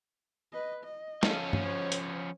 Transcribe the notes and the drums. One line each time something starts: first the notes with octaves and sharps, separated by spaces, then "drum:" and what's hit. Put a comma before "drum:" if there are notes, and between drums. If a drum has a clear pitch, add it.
B4 D#5
D#5
F3 C#4 A4 F5, drum: snare
drum: tom
C5 C#5
drum: hi-hat